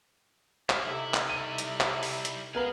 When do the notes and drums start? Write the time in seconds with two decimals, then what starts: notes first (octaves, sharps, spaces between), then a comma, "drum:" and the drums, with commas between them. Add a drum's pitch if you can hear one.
0.70 C5 G#5 F6, drum: clap
0.85 C3 A3 D#4 E4
1.14 drum: clap
1.29 G3 E4 D#7
1.58 drum: hi-hat
1.81 drum: clap
2.03 drum: open hi-hat
2.25 drum: hi-hat
2.55 G#3 B3 G#4 A#4 F5 F#7